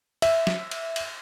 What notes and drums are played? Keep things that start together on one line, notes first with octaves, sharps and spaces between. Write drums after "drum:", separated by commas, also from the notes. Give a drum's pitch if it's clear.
E5, drum: cymbal
drum: snare
drum: cymbal
drum: cymbal